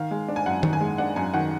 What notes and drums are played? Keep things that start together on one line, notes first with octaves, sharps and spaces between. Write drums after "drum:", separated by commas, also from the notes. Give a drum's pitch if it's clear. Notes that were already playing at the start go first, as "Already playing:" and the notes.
Already playing: D#3 F5
G#3
D4
G#5
F#2 F#5
D#3, drum: tom D#3
G#5
G#3
D4 F#5
F#2 G#5
D#3 F#5